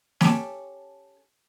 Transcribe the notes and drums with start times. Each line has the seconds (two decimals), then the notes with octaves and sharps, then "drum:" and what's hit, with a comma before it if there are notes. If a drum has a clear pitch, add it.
0.21 C#4 G4 A4, drum: snare